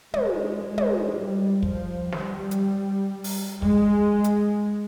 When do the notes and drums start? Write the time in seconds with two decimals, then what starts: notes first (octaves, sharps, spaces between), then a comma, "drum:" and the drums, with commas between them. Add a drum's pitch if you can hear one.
0.14 G#3, drum: tom
0.63 G#3
0.78 drum: tom
1.13 G3
1.63 F3, drum: kick
2.12 G3, drum: snare
2.51 drum: hi-hat
3.24 drum: open hi-hat
3.62 G#3, drum: kick
4.24 drum: hi-hat